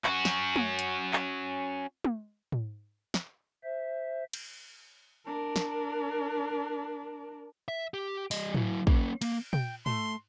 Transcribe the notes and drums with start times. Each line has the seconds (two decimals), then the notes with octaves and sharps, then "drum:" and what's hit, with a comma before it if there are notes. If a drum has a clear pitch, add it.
0.04 C#4 F#4, drum: clap
0.25 drum: snare
0.56 drum: tom
0.79 drum: hi-hat
1.13 drum: clap
2.04 drum: tom
2.52 drum: tom
3.14 drum: snare
3.64 C5 E5
4.33 drum: cymbal
5.26 D4 A#4
5.56 drum: snare
7.68 E5
7.94 G4
8.31 G3 D#5, drum: open hi-hat
8.54 F#3 E4, drum: tom
8.87 A#3 C#4, drum: kick
9.22 A#3, drum: cymbal
9.53 G5, drum: tom
9.86 A3 C6, drum: tom